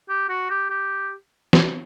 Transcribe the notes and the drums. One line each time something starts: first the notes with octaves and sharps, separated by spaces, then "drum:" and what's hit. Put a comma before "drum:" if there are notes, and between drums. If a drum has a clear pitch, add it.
G4
F#4
G4
G4
drum: snare